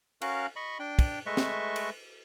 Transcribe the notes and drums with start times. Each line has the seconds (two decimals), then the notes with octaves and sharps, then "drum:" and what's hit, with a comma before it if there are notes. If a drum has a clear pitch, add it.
0.22 C#4 F#4 A#4 F5 F#6, drum: cymbal
0.56 D#5 B5 C#6
0.79 D4 G5
0.99 drum: kick, cymbal
1.26 G#3 A3 B4 D#5 E5 C#6
1.37 drum: snare
1.76 drum: cymbal